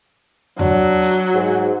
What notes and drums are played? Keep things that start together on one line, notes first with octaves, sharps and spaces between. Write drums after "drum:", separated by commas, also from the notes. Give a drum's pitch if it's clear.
F#3 D4, drum: tom E2
drum: hi-hat
G#2